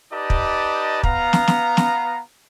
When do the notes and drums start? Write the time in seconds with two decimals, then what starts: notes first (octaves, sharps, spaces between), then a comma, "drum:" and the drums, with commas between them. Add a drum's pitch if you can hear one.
0.12 D#4 G4 B4 D5 D#5 A5
0.30 drum: kick
1.03 B3 F5 A#5, drum: kick
1.33 drum: snare
1.48 drum: snare
1.77 drum: snare